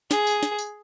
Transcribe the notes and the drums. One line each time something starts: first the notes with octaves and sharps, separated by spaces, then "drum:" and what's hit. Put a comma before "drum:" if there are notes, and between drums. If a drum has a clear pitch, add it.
G#4, drum: snare
drum: tambourine
drum: snare
drum: tambourine